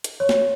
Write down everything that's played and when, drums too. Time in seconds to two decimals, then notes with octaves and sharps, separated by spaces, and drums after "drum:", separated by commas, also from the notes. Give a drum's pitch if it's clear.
0.04 drum: hi-hat
0.20 C#5
0.29 drum: snare